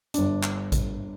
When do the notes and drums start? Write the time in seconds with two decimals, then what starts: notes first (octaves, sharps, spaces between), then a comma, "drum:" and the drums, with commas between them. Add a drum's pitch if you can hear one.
0.14 G1 D4, drum: hi-hat
0.43 drum: clap
0.72 drum: kick A1, hi-hat